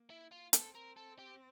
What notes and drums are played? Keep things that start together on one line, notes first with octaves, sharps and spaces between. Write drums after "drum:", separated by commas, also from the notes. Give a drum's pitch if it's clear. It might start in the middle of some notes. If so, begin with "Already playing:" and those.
Already playing: A#3
E4
F4
C4 A4, drum: hi-hat
A#4
A4
G4